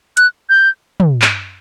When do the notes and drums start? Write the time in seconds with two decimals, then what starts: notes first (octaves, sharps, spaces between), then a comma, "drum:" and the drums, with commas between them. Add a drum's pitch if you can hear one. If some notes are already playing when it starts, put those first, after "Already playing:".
0.17 F#6, drum: hi-hat
0.49 G6
1.00 drum: tom
1.22 drum: clap